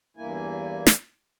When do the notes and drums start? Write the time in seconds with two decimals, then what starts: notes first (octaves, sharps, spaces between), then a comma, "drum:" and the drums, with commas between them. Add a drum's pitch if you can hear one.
0.17 E2 G2 A#3 E4 G#5
0.87 drum: snare